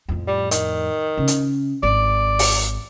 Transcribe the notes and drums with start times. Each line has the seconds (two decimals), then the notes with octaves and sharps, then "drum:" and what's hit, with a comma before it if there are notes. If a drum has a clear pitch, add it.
0.09 F2 A2
0.28 G3
0.51 D#3, drum: hi-hat
1.18 C#3
1.28 drum: hi-hat
1.83 G#1 D5
2.39 drum: open hi-hat